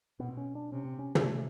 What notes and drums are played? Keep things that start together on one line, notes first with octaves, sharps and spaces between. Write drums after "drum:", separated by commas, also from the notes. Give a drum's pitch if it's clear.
B2 B3
C4
C#4
D4
C3 C#4
C4
C#4
drum: tom
A3